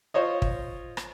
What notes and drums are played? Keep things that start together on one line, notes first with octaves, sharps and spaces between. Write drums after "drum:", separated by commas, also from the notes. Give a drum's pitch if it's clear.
F4 C5 C#5 D#5
drum: kick
drum: rim click